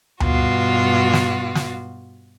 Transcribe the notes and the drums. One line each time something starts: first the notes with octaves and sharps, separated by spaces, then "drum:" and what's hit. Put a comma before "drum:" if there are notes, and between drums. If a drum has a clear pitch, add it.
G2 B2 F4 F#4, drum: tom D2
drum: snare
drum: snare